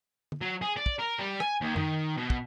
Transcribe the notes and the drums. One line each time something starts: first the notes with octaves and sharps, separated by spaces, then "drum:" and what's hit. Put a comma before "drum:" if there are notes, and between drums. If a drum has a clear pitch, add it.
drum: tom
F#3
G#4
D5
drum: kick
A#4
G3
G#5, drum: rim click
D#2
D#3, drum: tom F#2
B2
drum: kick